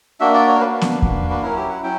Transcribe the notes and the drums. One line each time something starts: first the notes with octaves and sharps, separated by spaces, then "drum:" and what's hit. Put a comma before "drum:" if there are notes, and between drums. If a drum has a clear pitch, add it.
A#3 D4 F#4 E5
D5
C#5
A#4
A#3 D4 F#4 B4
drum: snare B3
A#3 D4 F#4, drum: kick E2
B4
F#3 C#4 E4 A#4
G4
F#5
F#3 C#4 E4 G5